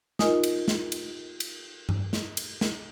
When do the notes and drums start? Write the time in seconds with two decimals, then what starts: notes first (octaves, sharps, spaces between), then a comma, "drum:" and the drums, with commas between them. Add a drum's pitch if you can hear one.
0.19 D#4 F4 A#4 D#5 G#5 D#6, drum: snare
0.43 drum: cymbal
0.68 drum: snare
0.92 drum: cymbal
1.40 drum: cymbal
1.89 drum: tom G2
2.13 drum: snare
2.37 drum: cymbal
2.61 drum: snare